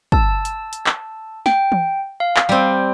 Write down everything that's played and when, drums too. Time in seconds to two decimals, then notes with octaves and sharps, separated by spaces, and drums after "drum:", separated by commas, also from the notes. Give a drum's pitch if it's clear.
0.12 A5 E6, drum: kick
0.45 drum: hi-hat
0.73 drum: hi-hat
0.86 drum: clap
1.46 G5, drum: snare
1.72 drum: tom E3
2.20 F5
2.36 drum: clap
2.49 G3 C4